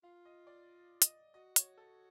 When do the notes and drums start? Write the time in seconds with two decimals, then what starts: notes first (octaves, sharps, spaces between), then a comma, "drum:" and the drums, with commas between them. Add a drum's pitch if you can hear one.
0.03 F4 F5
0.25 D#5
0.47 D5
1.02 D#5, drum: hi-hat
1.34 F#4 D#5
1.56 C#5, drum: hi-hat
1.78 A4